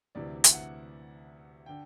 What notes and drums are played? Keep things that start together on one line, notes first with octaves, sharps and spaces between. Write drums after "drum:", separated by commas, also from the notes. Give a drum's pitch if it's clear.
D2 C3 E3 D5
E5, drum: hi-hat
F#5
D3 G5